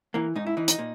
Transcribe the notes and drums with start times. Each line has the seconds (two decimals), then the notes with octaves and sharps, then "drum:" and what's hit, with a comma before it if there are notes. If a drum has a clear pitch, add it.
0.14 E3 A#3
0.36 G#2 D#4
0.47 E4
0.57 E3 D#4
0.68 D#4, drum: hi-hat
0.79 A#2